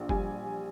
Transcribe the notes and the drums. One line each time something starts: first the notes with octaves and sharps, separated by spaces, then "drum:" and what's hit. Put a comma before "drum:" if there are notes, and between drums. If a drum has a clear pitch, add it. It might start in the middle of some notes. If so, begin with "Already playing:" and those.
Already playing: A#1
G3 G#5, drum: kick F#1